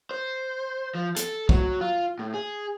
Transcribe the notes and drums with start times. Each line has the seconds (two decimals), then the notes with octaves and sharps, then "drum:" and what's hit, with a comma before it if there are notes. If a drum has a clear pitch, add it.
0.11 C5
0.95 F3
1.16 A4, drum: hi-hat
1.49 F#3, drum: kick
1.81 F4
2.19 A2
2.34 G#4